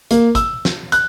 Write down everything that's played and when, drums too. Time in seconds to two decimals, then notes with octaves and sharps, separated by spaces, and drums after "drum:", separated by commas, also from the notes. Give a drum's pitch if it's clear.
0.11 A#3, drum: hi-hat
0.35 E6, drum: kick G#1, hi-hat
0.65 drum: snare
0.92 F#6, drum: hi-hat